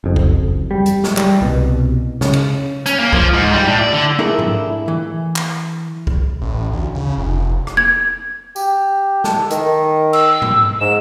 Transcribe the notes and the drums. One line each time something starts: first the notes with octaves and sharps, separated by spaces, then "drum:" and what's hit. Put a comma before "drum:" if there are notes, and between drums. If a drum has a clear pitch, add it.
F#1 F2
drum: kick
G3
drum: hi-hat
drum: snare
G3, drum: clap
C2 B2
C#3, drum: snare
drum: cymbal
C#4, drum: hi-hat
A#3
F3, drum: kick
G#2
G3
A2
D5
D3
A3 D4 E4 F4 G#4 A#4
drum: tom G#2
E3
drum: clap
drum: kick
A1
D2
C#3
F1
drum: rim click
G#6
G4, drum: tambourine
A4, drum: snare
D#3, drum: hi-hat
E6, drum: cymbal
drum: tom G#2
G#2 E7